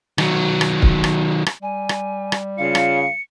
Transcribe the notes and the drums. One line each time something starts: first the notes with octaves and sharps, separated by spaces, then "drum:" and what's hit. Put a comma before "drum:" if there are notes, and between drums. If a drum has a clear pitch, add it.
D#3 F#3, drum: rim click
drum: rim click
drum: kick
drum: rim click
drum: rim click
G3 G#5
drum: rim click
drum: rim click
C#3 F4 F5 C#7
drum: rim click